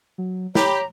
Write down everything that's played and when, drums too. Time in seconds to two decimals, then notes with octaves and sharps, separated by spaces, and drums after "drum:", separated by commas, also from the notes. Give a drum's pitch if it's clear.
0.18 F#3
0.55 G4 C#5 A#5 B5, drum: snare